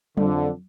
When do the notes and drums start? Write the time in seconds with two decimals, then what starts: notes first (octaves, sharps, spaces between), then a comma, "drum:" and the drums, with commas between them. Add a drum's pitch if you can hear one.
0.17 F2 D3, drum: tom F#3